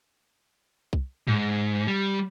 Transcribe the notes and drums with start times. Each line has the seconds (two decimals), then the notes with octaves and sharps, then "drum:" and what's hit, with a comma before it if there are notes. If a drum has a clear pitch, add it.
0.93 drum: kick C2
1.27 G#2, drum: tom G#2
1.87 G3